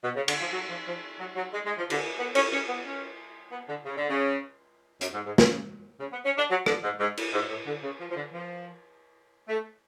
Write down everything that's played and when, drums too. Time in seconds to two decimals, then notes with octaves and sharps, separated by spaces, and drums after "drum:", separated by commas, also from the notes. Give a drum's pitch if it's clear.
0.04 B2
0.16 C#3
0.28 D3, drum: cymbal
0.41 F3
0.53 F#3
0.69 F3
0.87 F3
1.20 F#3
1.36 F#3
1.53 G#3
1.65 G#3
1.78 F3
1.90 D3, drum: cymbal
2.19 B3
2.35 C#4, drum: cymbal
2.52 C#4
2.68 B3
2.85 C#4
3.51 B3
3.68 D3
3.85 C#3
3.96 D3
4.09 C#3
5.01 F#2, drum: hi-hat
5.13 G#2
5.26 G#2
5.38 C#3, drum: snare
6.00 C#3
6.12 B3
6.25 C#4
6.37 D4
6.50 F#3
6.66 D3, drum: rim click
6.84 G#2
7.00 G#2
7.17 drum: cymbal
7.33 G#2
7.49 A2
7.67 D3
7.83 C#3
8.00 F3
8.11 F3
8.15 D3
8.33 F3
9.48 A3